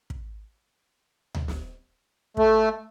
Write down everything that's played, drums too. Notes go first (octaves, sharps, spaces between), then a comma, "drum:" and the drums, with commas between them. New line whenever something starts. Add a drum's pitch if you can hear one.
drum: kick
drum: tom D2
drum: snare
A3, drum: kick